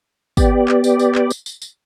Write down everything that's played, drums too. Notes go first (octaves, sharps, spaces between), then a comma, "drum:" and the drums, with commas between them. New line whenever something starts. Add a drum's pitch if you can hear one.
B3 G4 D5, drum: kick, tambourine
drum: clap
drum: tambourine
drum: tambourine
drum: clap
drum: tambourine
drum: tambourine
drum: tambourine